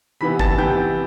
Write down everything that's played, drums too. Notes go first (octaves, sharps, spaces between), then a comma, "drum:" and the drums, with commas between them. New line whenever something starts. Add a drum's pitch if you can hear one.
C3 E3 B3 B5 B6
A5 A6, drum: kick G1
C3 E3 B3 G5 G6